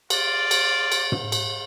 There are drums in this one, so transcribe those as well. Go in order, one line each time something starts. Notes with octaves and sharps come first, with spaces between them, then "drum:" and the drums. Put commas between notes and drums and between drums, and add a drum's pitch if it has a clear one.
F4 D5, drum: cymbal
drum: cymbal
drum: cymbal
drum: tom
drum: cymbal